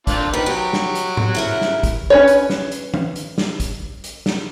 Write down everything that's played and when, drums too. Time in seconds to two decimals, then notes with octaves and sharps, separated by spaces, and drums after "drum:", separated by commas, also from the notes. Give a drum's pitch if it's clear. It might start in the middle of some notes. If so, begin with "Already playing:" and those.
0.07 C4 D4 F4, drum: kick, hi-hat
0.33 D#3 F3 B4
0.46 F#3 G4
0.73 drum: snare
0.95 drum: hi-hat
1.17 drum: tom G#2
1.35 C#3 E4 A#4
1.61 drum: snare
1.83 drum: kick, hi-hat
2.10 C#4 B4 C#5
2.28 drum: hi-hat
2.50 drum: snare
2.72 drum: hi-hat
2.94 drum: tom E3
3.16 drum: hi-hat
3.38 drum: snare
3.60 drum: kick, hi-hat
4.04 drum: hi-hat
4.26 drum: snare